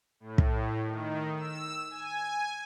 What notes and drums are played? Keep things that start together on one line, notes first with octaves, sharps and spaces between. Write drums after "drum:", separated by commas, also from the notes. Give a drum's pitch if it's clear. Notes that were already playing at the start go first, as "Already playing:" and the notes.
A2
drum: kick
D#3
E6
G#5